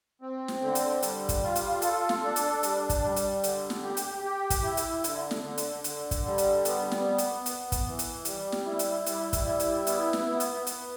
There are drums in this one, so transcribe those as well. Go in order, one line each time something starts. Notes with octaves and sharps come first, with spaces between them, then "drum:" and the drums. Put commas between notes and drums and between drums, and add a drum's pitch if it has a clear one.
C4
drum: snare
D3
drum: hi-hat
G3, drum: hi-hat
drum: kick, hi-hat
F4
drum: hi-hat
A4, drum: hi-hat
drum: snare
D4
drum: hi-hat
G3, drum: hi-hat
drum: kick, hi-hat
G3
drum: hi-hat
D3, drum: hi-hat
drum: snare
G4
drum: hi-hat
G4
drum: kick, hi-hat
E4
drum: hi-hat
D3, drum: hi-hat
drum: snare
D3
drum: hi-hat
D3, drum: hi-hat
drum: kick, hi-hat
G3
drum: hi-hat
B3, drum: hi-hat
drum: snare
B3
drum: hi-hat
B3, drum: hi-hat
drum: kick, hi-hat
E3
drum: hi-hat
G3, drum: hi-hat
drum: snare
E4
drum: hi-hat
G3, drum: hi-hat
drum: kick, hi-hat
E4
drum: hi-hat
B3, drum: hi-hat
drum: snare
B3
drum: hi-hat
B3, drum: hi-hat